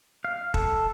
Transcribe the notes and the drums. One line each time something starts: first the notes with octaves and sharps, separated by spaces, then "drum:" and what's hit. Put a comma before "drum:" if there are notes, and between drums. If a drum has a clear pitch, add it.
F5
A4, drum: kick